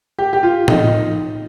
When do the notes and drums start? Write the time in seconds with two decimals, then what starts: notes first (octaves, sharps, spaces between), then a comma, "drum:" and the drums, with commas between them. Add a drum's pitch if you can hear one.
0.19 G4
0.33 G4
0.43 F4
0.68 D#4, drum: tom